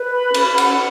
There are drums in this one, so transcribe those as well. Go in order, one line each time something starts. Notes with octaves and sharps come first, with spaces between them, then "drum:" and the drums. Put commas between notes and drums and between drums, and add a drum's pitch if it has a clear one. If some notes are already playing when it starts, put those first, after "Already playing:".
Already playing: B4
B5
C#4, drum: cymbal
F#5, drum: cymbal